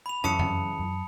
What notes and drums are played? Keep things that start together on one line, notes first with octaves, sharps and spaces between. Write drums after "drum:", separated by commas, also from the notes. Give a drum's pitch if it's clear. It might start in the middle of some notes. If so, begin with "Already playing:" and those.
B5 F7
F#2 C#3 E3 A5 D#6 C#7
drum: tom F2
F#2